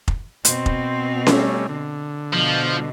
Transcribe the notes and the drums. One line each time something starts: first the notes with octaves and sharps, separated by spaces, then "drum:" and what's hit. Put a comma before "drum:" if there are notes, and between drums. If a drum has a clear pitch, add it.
drum: kick F1
B2 C4 C5, drum: hi-hat
drum: kick F1
G3 A3 C#4, drum: snare C#4
D3
B2 F3